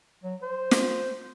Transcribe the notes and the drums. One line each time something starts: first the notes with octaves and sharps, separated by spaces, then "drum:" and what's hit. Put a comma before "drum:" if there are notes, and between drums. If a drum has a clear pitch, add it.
F#3
C5
drum: snare